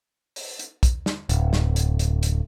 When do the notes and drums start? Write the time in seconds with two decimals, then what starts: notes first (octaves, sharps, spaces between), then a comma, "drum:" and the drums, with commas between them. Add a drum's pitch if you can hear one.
0.36 drum: open hi-hat
0.59 drum: hi-hat
0.83 drum: kick, hi-hat
1.06 drum: snare
1.29 D1, drum: hi-hat
1.53 drum: snare
1.76 drum: hi-hat
1.99 drum: hi-hat
2.23 drum: hi-hat